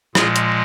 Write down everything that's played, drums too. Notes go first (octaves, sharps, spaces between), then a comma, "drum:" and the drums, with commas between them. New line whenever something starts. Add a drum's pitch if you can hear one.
A#2 F3 G#3 F4 G#4, drum: rim click
drum: hi-hat